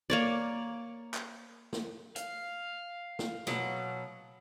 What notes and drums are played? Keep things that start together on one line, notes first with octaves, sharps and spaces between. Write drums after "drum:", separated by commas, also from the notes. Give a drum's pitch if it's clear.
A#3 C#5 D5
drum: clap
drum: snare
F5, drum: hi-hat
drum: snare
B2 F#3, drum: snare